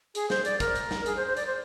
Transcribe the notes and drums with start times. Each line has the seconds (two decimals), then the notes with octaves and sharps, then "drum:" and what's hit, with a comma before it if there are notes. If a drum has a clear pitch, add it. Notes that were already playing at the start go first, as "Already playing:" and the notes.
0.15 G#4, drum: hi-hat
0.30 C5, drum: snare
0.45 D5, drum: hi-hat
0.60 A#4, drum: kick, hi-hat
0.76 drum: hi-hat
0.91 drum: snare
1.06 G#4, drum: hi-hat
1.17 C5
1.27 C5
1.37 D5, drum: hi-hat
1.47 C5